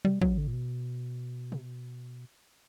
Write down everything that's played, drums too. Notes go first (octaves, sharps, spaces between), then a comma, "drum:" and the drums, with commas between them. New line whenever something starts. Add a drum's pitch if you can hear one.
G3, drum: tom B2
F#3, drum: kick
D3
A#2
B2
drum: tom B2